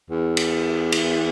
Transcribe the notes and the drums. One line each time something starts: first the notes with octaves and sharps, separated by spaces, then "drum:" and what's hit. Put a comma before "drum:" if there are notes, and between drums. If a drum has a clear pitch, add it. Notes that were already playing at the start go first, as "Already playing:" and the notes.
E2
drum: cymbal
drum: cymbal